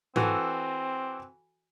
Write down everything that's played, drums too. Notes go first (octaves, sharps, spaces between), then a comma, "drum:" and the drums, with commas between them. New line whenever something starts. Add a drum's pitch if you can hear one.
E3 C4 F#4 A4, drum: tom G#2